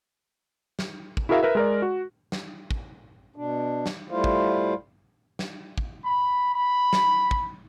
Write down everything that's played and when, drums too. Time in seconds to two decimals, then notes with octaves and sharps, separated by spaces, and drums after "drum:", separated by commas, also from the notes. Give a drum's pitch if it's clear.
0.79 drum: snare
1.17 drum: kick
1.29 E4 F#4 G#4 A#4 E5 F5
1.43 A#4 B4 E5
1.55 G#3 A#4 D5
1.82 F#4
2.32 drum: snare
2.71 drum: kick
3.36 B2 D4
3.86 drum: snare
4.10 G3 A3 E4 F4 C5 F5
4.24 drum: kick
5.39 drum: snare
5.78 drum: kick
6.04 B5
6.54 B5
6.93 drum: snare
7.31 drum: kick